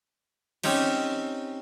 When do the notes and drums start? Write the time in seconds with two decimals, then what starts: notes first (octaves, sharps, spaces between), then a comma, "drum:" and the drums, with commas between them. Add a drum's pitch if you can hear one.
0.63 C4 C#4 D#4 G4, drum: cymbal